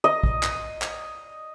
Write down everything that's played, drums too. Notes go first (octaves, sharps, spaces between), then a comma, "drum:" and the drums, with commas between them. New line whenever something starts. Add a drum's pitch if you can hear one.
D#5
drum: kick
drum: clap
drum: clap